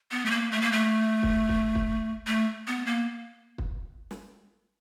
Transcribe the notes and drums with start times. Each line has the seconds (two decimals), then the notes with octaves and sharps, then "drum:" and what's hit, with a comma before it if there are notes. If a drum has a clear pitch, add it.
0.11 B3
0.26 A3
0.31 A#3
0.52 A3
0.62 A#3
0.72 A3
1.23 drum: kick
1.49 drum: kick
1.75 drum: kick
2.27 A3
2.67 B3
2.87 A#3
3.58 drum: kick
4.11 drum: snare